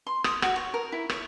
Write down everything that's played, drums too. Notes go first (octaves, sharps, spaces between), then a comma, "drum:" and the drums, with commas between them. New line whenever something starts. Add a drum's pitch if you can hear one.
C6
D#6, drum: rim click
F#4, drum: rim click
C#5
A#4
E4
C#5, drum: rim click